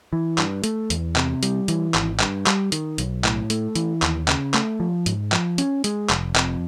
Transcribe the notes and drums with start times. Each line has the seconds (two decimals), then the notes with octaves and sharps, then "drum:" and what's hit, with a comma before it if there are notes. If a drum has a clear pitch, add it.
0.13 E3
0.38 G2, drum: clap
0.64 A3, drum: hi-hat
0.90 E2, drum: hi-hat
1.16 C3, drum: clap
1.43 G3, drum: hi-hat
1.68 E3, drum: hi-hat
1.94 G#1, drum: clap
2.20 G2, drum: clap
2.47 G3, drum: clap
2.72 D#3, drum: hi-hat
2.98 B1, drum: hi-hat
3.24 A2, drum: clap
3.50 A3, drum: hi-hat
3.75 E3, drum: hi-hat
4.02 D#2, drum: clap
4.28 C#3, drum: clap
4.54 A3, drum: clap
4.80 F3
5.06 G#2, drum: hi-hat
5.32 F3, drum: clap
5.58 C#4, drum: hi-hat
5.84 G#3, drum: hi-hat
6.10 F1, drum: clap
6.36 F2, drum: clap